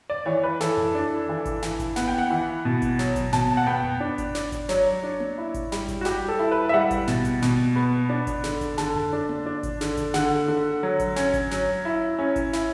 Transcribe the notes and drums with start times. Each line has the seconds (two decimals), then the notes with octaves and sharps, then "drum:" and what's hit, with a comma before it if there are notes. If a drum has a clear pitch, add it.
0.10 D5
0.26 E3 C#5
0.43 B4
0.60 E3 A4, drum: snare
0.77 drum: tom F2
0.95 D4
1.29 E3
1.45 drum: kick G#1, hi-hat
1.62 E3, drum: snare
1.80 drum: kick G#1, hi-hat
1.96 B3 F#5, drum: snare
2.08 G5
2.18 F#5
2.30 E3
2.65 B2
2.82 drum: kick G#1, hi-hat
2.99 F#3, drum: snare
3.16 drum: kick G#1, hi-hat
3.33 B2 A5, drum: snare
3.57 F#5
3.67 B3 G5
3.84 drum: tom F2
4.00 D4
4.18 drum: kick G#1, hi-hat
4.35 D4, drum: snare
4.52 drum: kick G#1, hi-hat
4.69 F#3 C#5, drum: snare
5.03 D4
5.20 drum: tom A#3
5.38 E4
5.54 drum: kick G#1, hi-hat
5.72 G3, drum: snare
5.88 drum: kick G#1, hi-hat
6.01 F#4
6.05 G3 G4, drum: snare
6.29 A4
6.39 E4
6.51 B4
6.69 E5
6.74 G3 F#5
6.91 drum: kick G#1, hi-hat
7.07 B2, drum: snare
7.25 drum: kick G#1, hi-hat
7.42 B2, drum: snare
7.76 B3
8.09 D4
8.27 drum: kick G#1, hi-hat
8.44 D3, drum: snare
8.61 drum: kick G#1, hi-hat
8.78 D3 A5, drum: snare
8.95 drum: tom F2
9.13 D4
9.29 drum: tom A#3
9.46 D4
9.63 drum: kick G#1, hi-hat
9.81 D3, drum: snare
9.97 drum: kick G#1, hi-hat
10.14 D3 F#5, drum: snare
10.48 D3
10.83 F#3
10.99 drum: kick G#1, hi-hat
11.16 C#4, drum: snare
11.34 drum: kick G#1, hi-hat
11.51 F#3, drum: snare
11.85 E4
12.19 C#4
12.36 drum: kick G#1, hi-hat
12.53 E4, drum: snare